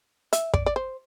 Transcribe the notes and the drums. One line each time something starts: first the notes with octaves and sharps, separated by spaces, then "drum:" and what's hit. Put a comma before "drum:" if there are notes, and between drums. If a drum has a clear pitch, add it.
E5, drum: hi-hat
D5, drum: kick
D5
C5